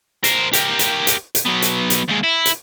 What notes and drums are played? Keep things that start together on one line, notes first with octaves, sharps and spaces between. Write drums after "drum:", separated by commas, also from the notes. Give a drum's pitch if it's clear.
A#4 C5, drum: hi-hat
G4 A#4, drum: hi-hat
drum: hi-hat
drum: hi-hat
drum: hi-hat
F#3 B3
drum: hi-hat
drum: hi-hat
D#2 G#3
E4
drum: hi-hat